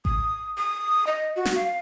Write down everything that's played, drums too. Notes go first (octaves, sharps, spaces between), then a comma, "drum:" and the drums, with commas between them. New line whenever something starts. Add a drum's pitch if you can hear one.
D#6, drum: kick A1
D#6
D#5
F#4
drum: snare
F5